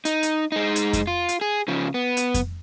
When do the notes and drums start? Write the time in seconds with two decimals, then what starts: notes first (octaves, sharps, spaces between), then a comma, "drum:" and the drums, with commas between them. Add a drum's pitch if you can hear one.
0.05 D#4, drum: hi-hat
0.23 drum: hi-hat
0.52 G#3 D#4
0.76 drum: hi-hat
0.93 drum: kick F2, hi-hat
1.07 F4
1.29 drum: hi-hat
1.41 G#4
1.68 C#3 F3
1.94 B3
2.17 drum: hi-hat
2.34 drum: kick F2, hi-hat